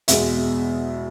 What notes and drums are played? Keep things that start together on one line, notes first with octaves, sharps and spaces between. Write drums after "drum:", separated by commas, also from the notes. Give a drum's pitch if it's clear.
E2 B2 G#3 E5, drum: hi-hat